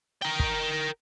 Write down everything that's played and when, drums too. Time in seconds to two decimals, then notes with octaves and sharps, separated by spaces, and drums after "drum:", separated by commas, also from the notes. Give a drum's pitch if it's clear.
0.22 A#4 G5
0.39 drum: kick